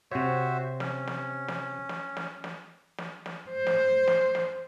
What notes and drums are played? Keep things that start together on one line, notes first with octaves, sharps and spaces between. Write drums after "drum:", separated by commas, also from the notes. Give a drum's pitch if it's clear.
C3 F#4 C5 C#5 E5
C#4, drum: snare
drum: snare
drum: snare
drum: snare
drum: snare
drum: snare
drum: snare
drum: snare
C5
drum: snare
drum: snare
drum: snare